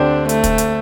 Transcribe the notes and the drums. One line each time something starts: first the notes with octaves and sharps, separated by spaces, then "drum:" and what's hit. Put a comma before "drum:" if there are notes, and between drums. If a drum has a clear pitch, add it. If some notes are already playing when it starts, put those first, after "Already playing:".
Already playing: D2 D3 C4 D4 G4 C5
A3, drum: hi-hat
drum: kick, hi-hat
drum: hi-hat